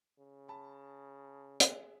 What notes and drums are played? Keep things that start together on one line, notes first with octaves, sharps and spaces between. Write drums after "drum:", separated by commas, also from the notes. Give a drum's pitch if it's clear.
C#3
A5 B5
G#4 E5, drum: hi-hat